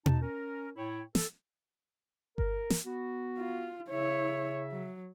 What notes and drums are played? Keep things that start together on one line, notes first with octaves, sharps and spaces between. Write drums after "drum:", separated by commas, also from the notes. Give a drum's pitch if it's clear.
D#4 A5, drum: tom B2
C#4 A#4
A2 E4 C#5 G5
A4, drum: snare
A#4, drum: kick G1
drum: snare
B3 F#4
F4
C#3 E4 C#5 E5
F#3